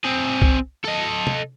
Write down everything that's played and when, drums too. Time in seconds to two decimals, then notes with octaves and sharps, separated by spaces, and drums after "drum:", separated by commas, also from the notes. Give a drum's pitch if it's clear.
0.04 C4 G#4
0.42 drum: kick C2
0.84 A4 D#5
1.27 drum: tom